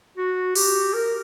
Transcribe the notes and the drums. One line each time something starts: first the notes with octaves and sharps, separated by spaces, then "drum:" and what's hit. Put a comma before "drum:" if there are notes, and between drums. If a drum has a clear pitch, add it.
F#4
G4, drum: open hi-hat
A#4